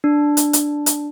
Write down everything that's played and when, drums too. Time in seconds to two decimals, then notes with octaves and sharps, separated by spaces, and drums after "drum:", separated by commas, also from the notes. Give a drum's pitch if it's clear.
0.04 D4
0.37 drum: hi-hat
0.53 drum: hi-hat
0.86 drum: hi-hat